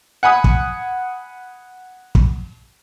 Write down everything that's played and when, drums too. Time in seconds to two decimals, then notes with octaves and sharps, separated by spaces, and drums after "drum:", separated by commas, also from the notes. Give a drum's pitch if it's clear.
0.23 F#5 G#5 B5 D#6
0.44 drum: kick
2.15 drum: kick